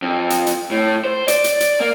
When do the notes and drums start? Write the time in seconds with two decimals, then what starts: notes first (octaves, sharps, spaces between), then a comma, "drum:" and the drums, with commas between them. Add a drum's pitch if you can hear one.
0.02 F2
0.30 drum: hi-hat
0.47 drum: hi-hat
0.71 A2
1.04 C5
1.28 D5, drum: hi-hat
1.44 drum: hi-hat
1.60 drum: hi-hat
1.80 A#3